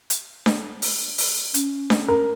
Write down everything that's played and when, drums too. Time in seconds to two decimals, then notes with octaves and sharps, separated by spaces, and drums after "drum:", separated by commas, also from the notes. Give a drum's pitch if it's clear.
0.10 drum: hi-hat
0.46 drum: snare D4
0.82 drum: open hi-hat
1.18 drum: open hi-hat
1.54 C#4, drum: hi-hat
1.90 drum: snare D4
2.08 A#4